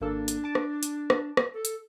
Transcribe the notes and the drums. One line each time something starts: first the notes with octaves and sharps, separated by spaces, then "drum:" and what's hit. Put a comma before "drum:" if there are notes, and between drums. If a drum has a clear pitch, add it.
G#1 A#3 D4 A4
drum: hi-hat
A5 D6
drum: rim click
drum: hi-hat
drum: rim click
drum: rim click
A4
drum: hi-hat